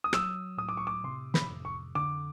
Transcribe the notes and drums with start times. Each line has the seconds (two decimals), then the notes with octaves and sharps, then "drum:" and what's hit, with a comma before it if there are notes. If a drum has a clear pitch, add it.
0.04 D#6
0.13 F#3 E6, drum: rim click
0.58 A2 D#6
0.69 D6
0.77 C#6
0.87 D6
1.04 C3 C6
1.34 B5, drum: snare
1.50 F2
1.65 C#6
1.95 D3 D6